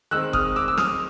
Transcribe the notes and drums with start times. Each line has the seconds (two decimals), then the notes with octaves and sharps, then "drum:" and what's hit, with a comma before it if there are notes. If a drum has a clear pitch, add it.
0.11 D#3 G#3 C4 E6 F#6
0.33 D#6 F6, drum: kick F#1
0.56 D6 E6
0.68 E6
0.77 D#6 F6, drum: snare